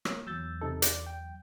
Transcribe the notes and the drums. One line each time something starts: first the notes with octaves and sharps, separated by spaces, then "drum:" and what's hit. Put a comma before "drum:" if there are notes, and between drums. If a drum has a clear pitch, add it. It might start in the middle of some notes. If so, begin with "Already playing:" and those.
A#3 C#5, drum: rim click
E2 F#3 E6 G6 A6
C3 D#4 A4
D5, drum: hi-hat
G5